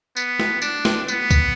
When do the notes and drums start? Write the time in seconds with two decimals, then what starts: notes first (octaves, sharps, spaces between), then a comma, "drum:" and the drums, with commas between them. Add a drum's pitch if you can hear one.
0.17 B3, drum: tambourine
0.40 drum: snare
0.62 D4, drum: tambourine
0.85 drum: snare
1.08 B3, drum: tambourine
1.31 drum: kick, tambourine